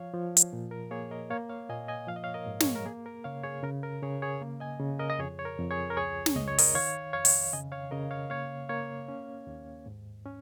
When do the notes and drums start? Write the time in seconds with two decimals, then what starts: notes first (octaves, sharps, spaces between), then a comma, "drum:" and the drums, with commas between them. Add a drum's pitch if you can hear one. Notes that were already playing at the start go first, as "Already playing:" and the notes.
Already playing: F3 C#5 F5
0.14 F3
0.37 drum: hi-hat
0.53 A#2
0.71 A#4
0.91 A#3 G#4 C#5
1.11 A#4 D#5
1.30 A#3 C#5 F5
1.49 C#5 F5
1.69 A#2 D#5 G#5
1.88 D#5 G#5
2.07 F3 F5
2.16 D#5
2.23 C#5 F5
2.34 A#4 D#5
2.46 G#2
2.60 G#4 C#5, drum: snare
2.75 A#4
2.85 A#3 G#4
3.06 A#4
3.24 C#3 C#5 F5
3.44 G#4 C#5
3.63 C#3 A#4
3.83 A#4
4.02 C#3 G#4 C#5
4.22 G#4 C#5
4.41 A#3
4.60 D#5 G#5
4.80 C#3
4.99 A#4 D#5
5.10 D#5
5.19 F2 G#4 C#5
5.39 C#5
5.45 A#4
5.59 F2
5.71 G#4 C#5
5.90 A#4
5.97 C#2 G#4 C#5
6.26 drum: snare
6.36 C#2 D#5
6.48 C#5
6.58 A#4 D#5, drum: open hi-hat
6.74 D#3 C#5 F5
7.13 F2 C#5 F5
7.25 drum: open hi-hat
7.53 C#3 D#5 G#5
7.72 C#5 F5
7.91 C#3 A#4 D#5
8.11 C#5 F5
8.30 A#3 C#5 F5
8.69 A#3 C#5 F5
9.08 C#4
9.47 D#2
9.86 G#2
10.26 C#4